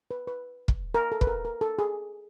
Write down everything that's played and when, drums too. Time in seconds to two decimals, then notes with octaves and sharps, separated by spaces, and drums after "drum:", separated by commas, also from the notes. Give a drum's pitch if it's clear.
0.11 B4
0.27 B4
0.68 drum: kick
0.94 A#4
1.12 A4
1.21 B4, drum: kick
1.27 A#4
1.45 A#4
1.61 A4
1.79 G#4